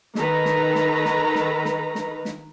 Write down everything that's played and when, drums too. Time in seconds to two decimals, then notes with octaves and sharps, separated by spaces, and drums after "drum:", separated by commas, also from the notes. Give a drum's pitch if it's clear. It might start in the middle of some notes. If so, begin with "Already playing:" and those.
0.15 D#3 A4 B4 A#5, drum: snare
0.45 drum: snare
0.75 drum: snare
1.05 drum: snare
1.35 drum: snare
1.65 drum: snare
1.95 drum: snare
2.25 drum: snare